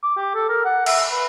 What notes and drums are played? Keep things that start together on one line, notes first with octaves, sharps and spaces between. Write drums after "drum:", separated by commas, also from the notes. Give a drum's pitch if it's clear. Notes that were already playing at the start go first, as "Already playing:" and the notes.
D6
G4
A4
A#4
F#5
E5, drum: cymbal
B4